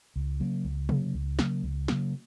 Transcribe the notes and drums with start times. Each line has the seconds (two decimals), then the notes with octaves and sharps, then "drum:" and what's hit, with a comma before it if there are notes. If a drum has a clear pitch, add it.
0.16 C#2
0.40 C#3 F#3 A#3
0.64 C#2
0.89 C#3 F#3 A#3, drum: tom C3
1.14 C#2
1.39 C#3 F#3 A#3, drum: snare
1.63 C#2
1.88 C#3 F#3 A#3, drum: snare